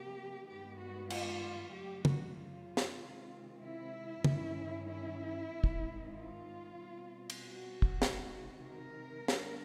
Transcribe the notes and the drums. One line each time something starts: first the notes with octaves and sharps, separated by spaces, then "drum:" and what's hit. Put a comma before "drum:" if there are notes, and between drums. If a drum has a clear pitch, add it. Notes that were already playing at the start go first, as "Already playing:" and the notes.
Already playing: C3 F3 A#3 G4
G2 D#3 G#3 B3 G4
F#4
F4, drum: cymbal
F#2 C#3 F#3 A3 G4
F#4, drum: tom
F4
drum: snare
C3 D#3 G#3 C4
E4
G2 D#3 G#3 C#4, drum: tom
E4
G#2 D#3 G#3 C4 D#4
drum: kick
F4
B2 G3 C4
drum: cymbal
F#4
drum: kick
C3 D#3 G#3, drum: snare
A#4
D3 G3 B3 D4, drum: snare